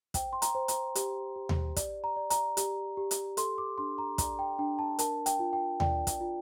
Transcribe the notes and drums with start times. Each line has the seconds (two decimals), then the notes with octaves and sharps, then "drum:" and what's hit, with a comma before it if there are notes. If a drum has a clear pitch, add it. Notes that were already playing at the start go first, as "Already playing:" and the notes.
0.14 C5 G5, drum: kick, hi-hat
0.33 C6
0.42 A#5, drum: hi-hat
0.55 C5
0.68 A#5, drum: hi-hat
0.95 G4, drum: hi-hat
1.36 G4
1.49 drum: tom D#2
1.76 D5, drum: kick, hi-hat
2.04 A#5
2.16 D5
2.30 A#5, drum: hi-hat
2.57 G4, drum: hi-hat
2.97 G4
3.11 drum: hi-hat
3.37 A4 C6, drum: hi-hat
3.58 D6
3.78 D4 C6
3.98 A#5
4.18 D5 A#5, drum: kick, hi-hat
4.39 G5
4.59 D4 G5
4.79 A5
4.99 A#4 A5, drum: hi-hat
5.26 G5, drum: hi-hat
5.39 F4
5.53 G5
5.80 D5 G5, drum: tom D#2
6.07 drum: kick, hi-hat
6.21 F4